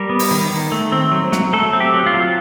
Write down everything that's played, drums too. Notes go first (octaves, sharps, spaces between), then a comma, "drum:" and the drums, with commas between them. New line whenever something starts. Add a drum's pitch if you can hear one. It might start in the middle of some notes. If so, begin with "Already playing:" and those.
Already playing: G3 A#4
B3
drum: open hi-hat
D#3
D#3
A3
C4
F#3
F#3, drum: snare
A3 A4
C4
G4
F#3
F4
F#3